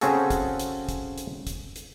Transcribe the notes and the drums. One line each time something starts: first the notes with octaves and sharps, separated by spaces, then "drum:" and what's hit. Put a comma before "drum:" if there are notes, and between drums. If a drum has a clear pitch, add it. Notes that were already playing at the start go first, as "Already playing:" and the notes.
C#3 C4 C#4 F#4 G#4 A4, drum: hi-hat
drum: kick, hi-hat
drum: hi-hat
drum: kick, hi-hat
drum: hi-hat
drum: kick, hi-hat
drum: hi-hat